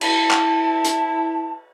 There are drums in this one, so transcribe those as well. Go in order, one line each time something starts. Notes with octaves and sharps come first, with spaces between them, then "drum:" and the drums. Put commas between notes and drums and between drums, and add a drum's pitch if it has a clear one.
E4 A5, drum: cymbal
drum: clap
drum: hi-hat